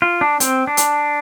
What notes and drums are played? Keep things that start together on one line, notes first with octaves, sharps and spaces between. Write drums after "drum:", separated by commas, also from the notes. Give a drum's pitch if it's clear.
F4
D4
C4, drum: hi-hat
D4
drum: hi-hat